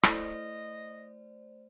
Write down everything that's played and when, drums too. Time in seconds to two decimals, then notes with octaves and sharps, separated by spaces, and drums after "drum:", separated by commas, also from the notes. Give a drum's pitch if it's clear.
0.03 A3 E4 A4 C5 D5 D#5, drum: rim click